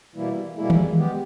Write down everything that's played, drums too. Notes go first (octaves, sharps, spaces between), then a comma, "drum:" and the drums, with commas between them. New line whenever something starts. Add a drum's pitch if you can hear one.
B2 E3 G3 A#3 E4
B2 G3 G#3 A#3 E4
drum: tom D#3
G#3 B3 G4